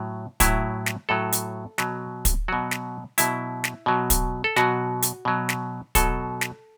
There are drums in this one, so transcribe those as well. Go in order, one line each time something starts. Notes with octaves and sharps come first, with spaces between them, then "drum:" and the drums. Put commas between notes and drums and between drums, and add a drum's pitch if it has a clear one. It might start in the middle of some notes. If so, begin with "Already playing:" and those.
Already playing: A2 F#3
A2 F#3 E4, drum: kick, hi-hat
drum: snare
A2 F#3 A4
drum: hi-hat
B2 F#3, drum: snare
drum: kick, hi-hat
B2 F#3 F#4
drum: snare
B2 F#3 E4, drum: hi-hat
drum: snare
B2 F#3
drum: kick, hi-hat
A4
B2 F#3 F#4, drum: snare
drum: hi-hat
B2 F#3
drum: snare
B2 F#3 A4, drum: kick, hi-hat
drum: snare